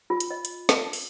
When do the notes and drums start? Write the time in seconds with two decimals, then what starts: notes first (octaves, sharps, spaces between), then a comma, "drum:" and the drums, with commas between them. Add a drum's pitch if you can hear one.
0.10 F4
0.20 drum: hi-hat
0.31 D#5
0.45 drum: hi-hat
0.69 A5, drum: snare
0.93 drum: open hi-hat